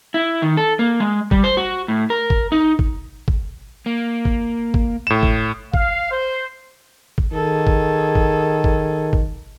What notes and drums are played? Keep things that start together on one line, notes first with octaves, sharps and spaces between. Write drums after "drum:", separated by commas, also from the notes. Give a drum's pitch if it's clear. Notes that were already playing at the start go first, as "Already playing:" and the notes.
E4
D#3
A4
A#3
G#3
G3, drum: kick
C5
F#4
A2
A#4
drum: kick
D#4
drum: kick
drum: kick
A#3
drum: kick
drum: kick
A2 E7
drum: kick
F5, drum: kick
C5
drum: kick
D#3 G#4 A4
drum: kick
drum: kick
drum: kick
drum: kick